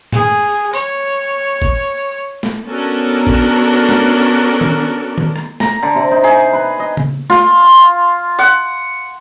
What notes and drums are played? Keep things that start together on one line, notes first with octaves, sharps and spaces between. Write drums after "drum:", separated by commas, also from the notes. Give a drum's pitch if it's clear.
G#4, drum: tom G2
C#5, drum: tambourine
drum: kick
drum: snare
B3 C#4 D4 F#4 A4 A#4
drum: kick
drum: snare
drum: tom D#3
drum: tom D#3
drum: rim click
A#5, drum: snare
D3
C3
D#4
G#4, drum: hi-hat
B4
D#5
drum: tom C#3
F4, drum: snare
F#5, drum: tambourine